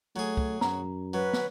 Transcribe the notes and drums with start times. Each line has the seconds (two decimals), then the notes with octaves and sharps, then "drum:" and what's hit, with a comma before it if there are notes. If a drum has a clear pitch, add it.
0.16 F#3 A3 G#4
0.37 drum: kick
0.61 F#2 A#5, drum: snare
1.14 F#3 B4
1.33 drum: snare